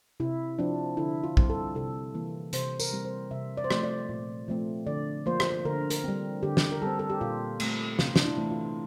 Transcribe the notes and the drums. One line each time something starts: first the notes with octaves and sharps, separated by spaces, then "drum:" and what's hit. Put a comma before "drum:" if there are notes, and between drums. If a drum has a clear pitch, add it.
C3 E4
F3 C4 D4
D3 E4
F4
G3 C4, drum: kick
A4
C3 A4
E3 A#3
C3 C5, drum: hi-hat
A#4, drum: tambourine
G3 C4
C5
C3 E5
D5
C5
F3 A3 C4 D5, drum: rim click
D5
A#2
F3 A3 C4
D3 D5
F3 A#3 C5
drum: rim click
D3 A#4
A#4, drum: hi-hat
G3 C4
D3 G4
drum: snare
A#4
G3 C4 A4
A4
G4
A#2 F4
A3 C4, drum: cymbal
C3 F4, drum: snare
D4, drum: snare
E4
E3 A3 C4
F4